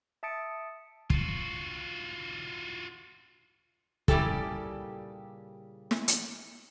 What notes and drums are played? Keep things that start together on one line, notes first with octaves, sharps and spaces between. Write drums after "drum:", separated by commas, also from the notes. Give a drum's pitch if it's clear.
E5 A5 D#6 A6 C#7 D7
F4 F#4, drum: kick
A#2 C#3 G3 E4 G4 A4, drum: kick
drum: snare
drum: hi-hat